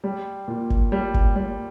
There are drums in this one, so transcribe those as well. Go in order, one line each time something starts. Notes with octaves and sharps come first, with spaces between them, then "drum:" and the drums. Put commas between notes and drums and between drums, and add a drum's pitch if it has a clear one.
G3
A#2
drum: kick G1
G3
drum: kick G1
G3